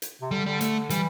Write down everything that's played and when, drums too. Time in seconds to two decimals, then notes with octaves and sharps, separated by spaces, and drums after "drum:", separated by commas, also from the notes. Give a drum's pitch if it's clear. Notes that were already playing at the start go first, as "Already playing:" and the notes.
0.02 drum: hi-hat
0.22 C3
0.31 D3 G3
0.46 D3 G3
0.61 A3, drum: hi-hat
0.90 E3 G3, drum: hi-hat